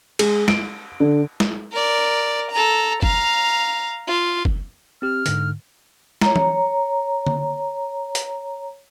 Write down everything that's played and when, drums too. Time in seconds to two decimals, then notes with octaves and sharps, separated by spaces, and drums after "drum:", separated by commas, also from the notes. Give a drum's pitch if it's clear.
0.19 G#3, drum: cymbal
0.48 D7, drum: snare
1.00 D3
1.40 drum: snare
1.72 A#4 D5
2.52 A4 A#5
3.02 F5 A#5, drum: kick F#1
4.08 F4
4.45 drum: kick F#1
5.02 C4 G4 F6
5.26 G#2 D3, drum: hi-hat
6.21 C#5 A#5, drum: snare
6.36 drum: tom E3
7.27 drum: tom D3
8.15 drum: hi-hat